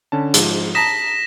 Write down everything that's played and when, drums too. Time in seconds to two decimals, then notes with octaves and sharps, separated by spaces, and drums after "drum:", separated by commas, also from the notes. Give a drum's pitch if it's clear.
0.12 D3 C#4 A5
0.34 G#2 F3, drum: hi-hat
0.75 A5 A#5 D#6 A#6 B6 E7